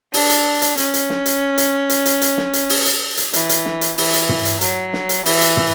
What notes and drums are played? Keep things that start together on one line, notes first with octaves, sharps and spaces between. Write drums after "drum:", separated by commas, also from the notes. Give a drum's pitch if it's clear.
D4, drum: open hi-hat
drum: hi-hat
drum: hi-hat
C#4, drum: hi-hat
drum: hi-hat
drum: snare
drum: hi-hat
drum: hi-hat
drum: hi-hat
drum: hi-hat
drum: hi-hat
drum: snare
drum: hi-hat
drum: open hi-hat
drum: hi-hat
drum: hi-hat
E3, drum: hi-hat
drum: hi-hat
drum: snare
drum: hi-hat
E3, drum: open hi-hat
drum: hi-hat
drum: tom
drum: hi-hat
F#3, drum: hi-hat
drum: snare
drum: hi-hat
E3, drum: open hi-hat
drum: hi-hat
drum: tom